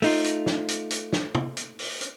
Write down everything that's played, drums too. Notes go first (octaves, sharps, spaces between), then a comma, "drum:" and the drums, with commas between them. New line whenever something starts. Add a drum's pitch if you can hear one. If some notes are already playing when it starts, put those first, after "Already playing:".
A3 D#4 F4, drum: open hi-hat
drum: hi-hat
drum: snare
drum: hi-hat
drum: hi-hat
drum: snare
drum: tom
drum: hi-hat
drum: open hi-hat
drum: hi-hat